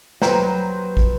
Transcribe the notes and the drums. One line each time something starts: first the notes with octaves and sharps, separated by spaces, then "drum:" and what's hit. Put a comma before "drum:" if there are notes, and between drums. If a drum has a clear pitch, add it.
D#2 F#3 G3 C4 B4 C5 A#5, drum: snare
drum: kick